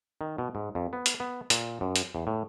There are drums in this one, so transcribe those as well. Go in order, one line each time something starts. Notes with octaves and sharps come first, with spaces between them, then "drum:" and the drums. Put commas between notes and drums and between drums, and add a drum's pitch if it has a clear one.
D#3
B2
G#2
F2
B3
drum: hi-hat
B3
A#2, drum: hi-hat
F#2
drum: hi-hat
E2
A2